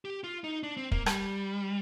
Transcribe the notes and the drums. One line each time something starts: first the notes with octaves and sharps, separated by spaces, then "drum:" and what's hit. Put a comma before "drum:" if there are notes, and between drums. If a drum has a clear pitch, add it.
G4
F4
D#4
D4
C4
A#3, drum: kick
G3, drum: rim click